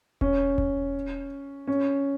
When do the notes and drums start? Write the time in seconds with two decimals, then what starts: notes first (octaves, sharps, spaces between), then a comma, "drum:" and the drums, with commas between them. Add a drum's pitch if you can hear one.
0.21 C#4, drum: kick E1
0.58 drum: kick E1
1.67 C#4